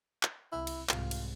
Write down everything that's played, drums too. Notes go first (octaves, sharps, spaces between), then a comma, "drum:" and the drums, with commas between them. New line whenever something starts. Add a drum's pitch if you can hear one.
drum: clap
C2 E4
drum: cymbal
C2 G#2 F4, drum: clap
drum: cymbal